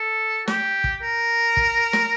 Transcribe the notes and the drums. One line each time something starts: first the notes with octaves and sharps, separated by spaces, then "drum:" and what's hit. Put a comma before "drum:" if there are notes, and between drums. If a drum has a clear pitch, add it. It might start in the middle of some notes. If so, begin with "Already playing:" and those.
Already playing: A4
G4, drum: snare
drum: kick
A#4
drum: kick
drum: snare